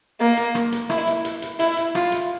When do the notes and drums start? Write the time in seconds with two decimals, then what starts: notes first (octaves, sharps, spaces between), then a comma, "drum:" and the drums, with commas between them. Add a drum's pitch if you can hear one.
0.20 A#3
0.37 drum: hi-hat
0.55 drum: rim click
0.72 drum: hi-hat
0.90 E4, drum: rim click
1.07 drum: hi-hat
1.25 drum: hi-hat
1.42 drum: hi-hat
1.59 E4, drum: hi-hat
1.77 drum: hi-hat
1.95 F4, drum: rim click
2.12 drum: hi-hat